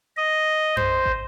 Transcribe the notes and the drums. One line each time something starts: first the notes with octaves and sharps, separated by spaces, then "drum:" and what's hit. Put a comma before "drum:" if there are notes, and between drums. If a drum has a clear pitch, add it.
D#5
C5, drum: tom F#2
drum: kick